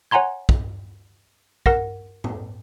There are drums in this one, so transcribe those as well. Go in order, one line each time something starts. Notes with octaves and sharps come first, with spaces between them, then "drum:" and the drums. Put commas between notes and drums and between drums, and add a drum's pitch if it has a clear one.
C#5 F#5 G#5 A#5 C6 G#6
drum: kick
A#4 F#5 A#6, drum: kick
drum: tom